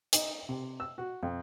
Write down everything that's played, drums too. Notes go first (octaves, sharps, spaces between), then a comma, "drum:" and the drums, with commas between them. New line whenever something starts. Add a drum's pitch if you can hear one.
D#4, drum: hi-hat
C3
E6
F#4
F2